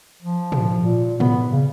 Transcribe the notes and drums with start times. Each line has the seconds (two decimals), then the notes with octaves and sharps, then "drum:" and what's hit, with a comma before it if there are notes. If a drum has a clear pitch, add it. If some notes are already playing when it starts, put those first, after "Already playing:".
0.22 F3
0.52 drum: tom
0.83 A#2
1.20 B3, drum: tom
1.52 C#3